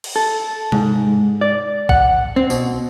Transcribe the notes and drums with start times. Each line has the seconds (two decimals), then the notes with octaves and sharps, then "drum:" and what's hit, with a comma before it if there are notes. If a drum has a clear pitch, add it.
0.04 drum: cymbal
0.16 A4
0.72 G#2, drum: tom C3
1.41 D5
1.89 F#5, drum: kick A#1
2.36 C4
2.50 B2, drum: tambourine